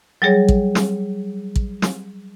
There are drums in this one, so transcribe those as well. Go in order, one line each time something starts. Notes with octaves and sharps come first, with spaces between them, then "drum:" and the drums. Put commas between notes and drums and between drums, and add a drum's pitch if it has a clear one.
F#3 G3 G#4 C#5
drum: kick
drum: snare
drum: kick
drum: snare